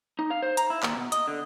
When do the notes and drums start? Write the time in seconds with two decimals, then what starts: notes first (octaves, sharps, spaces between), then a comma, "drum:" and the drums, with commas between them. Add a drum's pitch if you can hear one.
0.19 D#4
0.31 F5
0.42 C5
0.57 A#5, drum: hi-hat
0.70 E4
0.83 D#2, drum: clap
0.97 B2
1.12 D#5, drum: hi-hat
1.28 D3